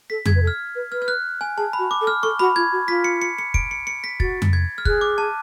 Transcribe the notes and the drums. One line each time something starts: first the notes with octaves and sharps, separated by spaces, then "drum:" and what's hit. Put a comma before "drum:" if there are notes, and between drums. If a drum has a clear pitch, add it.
A4 B6
G#4 G#6, drum: tom F2
B4
A4
F6
B4
B4 F6
F6
F#6
G#5
G#4 A5
B5
F#4
D6
A4
F6
A4 C#6
F#4 B5
F4 G#6
F#4
F4 B6
C#7
C#7
C#7
D7, drum: kick
C#7
C#7
B6
F#4 A6, drum: kick
drum: tom F2
G#6
F6
G#4 F#6, drum: kick
D6
A5